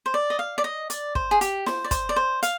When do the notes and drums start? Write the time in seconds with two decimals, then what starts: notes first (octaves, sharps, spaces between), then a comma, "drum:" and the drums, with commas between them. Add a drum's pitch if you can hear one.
0.06 C5
0.14 D5
0.30 D#5
0.39 F5
0.58 D5
0.64 D#5
0.90 D5, drum: hi-hat
1.15 C5, drum: kick
1.31 G#4
1.41 G4, drum: hi-hat
1.66 C5, drum: snare
1.84 D5
1.91 C5, drum: kick, hi-hat
2.09 D5
2.16 C5
2.43 F5, drum: hi-hat